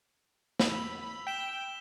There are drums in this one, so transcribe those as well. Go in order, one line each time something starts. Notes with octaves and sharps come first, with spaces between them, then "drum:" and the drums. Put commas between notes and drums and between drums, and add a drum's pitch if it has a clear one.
B5 E6 F7, drum: snare
G5 B6 E7 G7